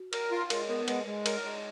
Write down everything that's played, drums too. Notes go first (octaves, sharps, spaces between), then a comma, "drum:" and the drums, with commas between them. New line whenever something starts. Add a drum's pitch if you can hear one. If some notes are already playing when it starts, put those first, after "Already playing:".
Already playing: F#4
A#4, drum: cymbal
F4
G#3 A#4, drum: cymbal
B3 A#4
A#4
G#3 B4, drum: cymbal
G#3
A#4, drum: cymbal
G#3